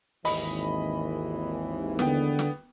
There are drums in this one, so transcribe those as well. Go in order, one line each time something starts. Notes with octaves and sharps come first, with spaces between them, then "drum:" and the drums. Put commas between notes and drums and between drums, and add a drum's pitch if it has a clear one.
G#1 D#2 E3 D#5 B5, drum: open hi-hat
D3 B3 G5, drum: snare
drum: snare